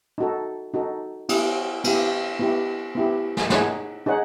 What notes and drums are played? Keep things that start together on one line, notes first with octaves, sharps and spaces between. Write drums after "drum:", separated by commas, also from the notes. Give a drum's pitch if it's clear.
D#4 F#4 A4
D#4 F#4 A4
B3 E4 G4, drum: cymbal
B3 E4 G4, drum: cymbal
B3 E4 G4
B3 E4 G4
drum: snare
D#4 G#4 C#5 F#5, drum: snare
D#4 G#4 C#5 F#5